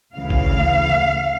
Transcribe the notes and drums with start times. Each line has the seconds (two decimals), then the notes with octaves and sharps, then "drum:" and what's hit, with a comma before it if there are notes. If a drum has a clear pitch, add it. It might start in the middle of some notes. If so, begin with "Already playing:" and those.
0.15 D2 C#3 E3 F5
0.30 drum: kick G#1
0.89 drum: tom C#3